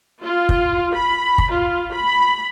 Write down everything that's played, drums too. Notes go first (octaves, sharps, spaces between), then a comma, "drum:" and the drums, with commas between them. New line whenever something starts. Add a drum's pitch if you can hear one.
F4
drum: kick
B5
drum: kick
F4
B5